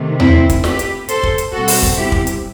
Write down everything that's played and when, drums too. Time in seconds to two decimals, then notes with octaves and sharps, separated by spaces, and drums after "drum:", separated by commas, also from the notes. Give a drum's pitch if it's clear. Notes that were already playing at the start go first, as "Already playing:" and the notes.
Already playing: C3 D#3 A3
0.20 C4 E4, drum: tom D#2
0.49 drum: kick, hi-hat
0.64 G4 B4, drum: snare
0.79 drum: hi-hat
1.09 A4 C5, drum: hi-hat
1.23 drum: kick
1.38 drum: hi-hat
1.53 B2 G3 C4 F#4 A4
1.68 drum: open hi-hat
1.82 drum: kick
1.97 E4 G4
2.12 drum: kick
2.27 drum: hi-hat